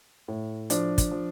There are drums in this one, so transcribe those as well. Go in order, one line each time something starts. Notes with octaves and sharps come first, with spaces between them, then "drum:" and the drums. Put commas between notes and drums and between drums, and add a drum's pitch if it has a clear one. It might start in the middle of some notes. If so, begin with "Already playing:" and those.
A2
F3 D4, drum: hi-hat
drum: kick, hi-hat
F3